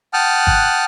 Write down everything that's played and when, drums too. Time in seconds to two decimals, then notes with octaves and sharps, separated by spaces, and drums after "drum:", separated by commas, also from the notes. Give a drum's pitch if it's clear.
0.13 F#5 G5 A5 D#6 F6 F#6
0.47 drum: kick